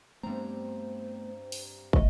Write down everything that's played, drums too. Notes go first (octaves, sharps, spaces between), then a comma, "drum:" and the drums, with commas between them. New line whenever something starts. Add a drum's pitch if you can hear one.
G2 A3 B3 C4 C5 A#5
drum: open hi-hat
C3 A3 D#5, drum: kick